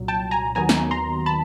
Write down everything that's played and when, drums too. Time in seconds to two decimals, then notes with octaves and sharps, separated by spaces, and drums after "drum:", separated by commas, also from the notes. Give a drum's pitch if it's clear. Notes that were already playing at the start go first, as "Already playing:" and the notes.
Already playing: C2 A#2 F#3
0.08 G5 A5
0.31 G#5 A#5
0.55 D#2 D#3 F#3 B3 G#5 A#5
0.69 drum: snare
0.91 A#5 C6
1.26 A5 B5